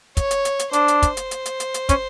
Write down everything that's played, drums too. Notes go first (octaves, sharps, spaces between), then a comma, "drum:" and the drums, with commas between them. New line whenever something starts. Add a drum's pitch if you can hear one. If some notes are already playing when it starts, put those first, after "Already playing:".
C#5, drum: kick, hi-hat
drum: hi-hat
drum: hi-hat
drum: hi-hat
D4 C5, drum: hi-hat
drum: hi-hat
drum: kick, hi-hat
drum: hi-hat
drum: hi-hat
drum: hi-hat
drum: hi-hat
drum: hi-hat
C#4, drum: kick, hi-hat